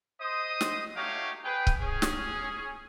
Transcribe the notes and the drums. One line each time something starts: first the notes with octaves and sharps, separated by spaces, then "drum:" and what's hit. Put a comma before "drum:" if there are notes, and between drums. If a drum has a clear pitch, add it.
C5 D#5 D#6
drum: snare
A3 D#4 F#4 G4 C#5 F5
G#4 B4 G5
drum: kick C#1
C#4 G#4
drum: snare